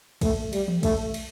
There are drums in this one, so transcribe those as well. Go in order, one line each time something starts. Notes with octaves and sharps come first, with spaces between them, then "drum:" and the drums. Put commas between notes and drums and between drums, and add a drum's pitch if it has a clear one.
A3, drum: kick, cymbal
G3, drum: cymbal
drum: tom E3
A3, drum: kick, cymbal
drum: cymbal